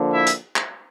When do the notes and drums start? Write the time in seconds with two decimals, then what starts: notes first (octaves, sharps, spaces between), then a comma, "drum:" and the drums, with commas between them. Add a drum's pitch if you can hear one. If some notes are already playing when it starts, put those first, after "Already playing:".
Already playing: D3 F3 A#3
0.12 E4 E5
0.26 drum: hi-hat
0.56 drum: clap